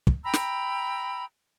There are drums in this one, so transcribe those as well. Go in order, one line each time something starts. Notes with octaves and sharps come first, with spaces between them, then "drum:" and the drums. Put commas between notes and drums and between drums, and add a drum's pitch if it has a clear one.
drum: kick
G5 A#5 B5 E6
drum: snare